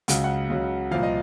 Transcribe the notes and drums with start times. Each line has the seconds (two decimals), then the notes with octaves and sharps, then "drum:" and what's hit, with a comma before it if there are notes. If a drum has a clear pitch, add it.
0.08 C#2 C#3 F#3 F#5, drum: hi-hat
0.24 F#5
0.50 C#2 C#3 F#3
0.91 C2 A#2 F3 F5
1.03 D#5